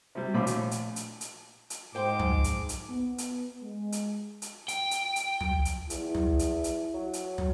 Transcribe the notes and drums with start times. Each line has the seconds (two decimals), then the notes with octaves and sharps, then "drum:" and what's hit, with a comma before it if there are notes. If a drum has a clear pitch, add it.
0.15 C3 G3
0.34 A#1 A2 C5 B5 D6
0.47 drum: hi-hat
0.71 drum: hi-hat
0.96 drum: hi-hat
1.21 drum: hi-hat
1.70 drum: hi-hat
1.95 G#2 G#3 C5 G5 C6 D6
2.20 drum: tom
2.44 drum: hi-hat
2.69 drum: hi-hat
2.89 B3
3.18 drum: hi-hat
3.62 G#3
3.92 drum: hi-hat
4.42 drum: hi-hat
4.68 G5, drum: hi-hat
4.91 drum: hi-hat
5.16 drum: hi-hat
5.41 drum: tom
5.65 drum: hi-hat
5.90 E2 E4, drum: hi-hat
6.15 drum: tom
6.39 drum: hi-hat
6.64 drum: hi-hat
6.94 F#3
7.13 drum: hi-hat
7.38 drum: tom